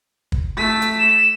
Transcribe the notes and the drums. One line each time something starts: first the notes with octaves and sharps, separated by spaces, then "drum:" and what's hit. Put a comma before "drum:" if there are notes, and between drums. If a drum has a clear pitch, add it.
drum: kick
A3 B6
drum: hi-hat
E7